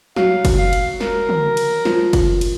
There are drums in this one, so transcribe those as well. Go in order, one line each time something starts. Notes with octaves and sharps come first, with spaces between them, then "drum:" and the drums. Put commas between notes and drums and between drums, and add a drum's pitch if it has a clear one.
F#3 F5, drum: snare
drum: kick, cymbal
F5
drum: cymbal
A#4, drum: snare
drum: tom
drum: cymbal
F3, drum: snare
drum: kick, cymbal
drum: cymbal